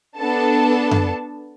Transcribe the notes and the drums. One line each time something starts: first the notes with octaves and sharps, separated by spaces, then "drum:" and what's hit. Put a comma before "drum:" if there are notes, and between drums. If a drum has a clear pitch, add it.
B3 D4 A4 A5
drum: tom F#2